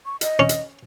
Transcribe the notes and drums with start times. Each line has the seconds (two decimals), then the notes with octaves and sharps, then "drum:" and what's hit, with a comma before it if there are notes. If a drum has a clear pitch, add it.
0.06 C#6
0.21 D#5, drum: hi-hat
0.39 C#4
0.49 drum: hi-hat